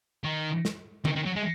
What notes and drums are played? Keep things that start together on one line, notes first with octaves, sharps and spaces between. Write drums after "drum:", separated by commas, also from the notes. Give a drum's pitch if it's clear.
D#3
drum: snare
D#3, drum: tom D3
D#3
F#3
G#3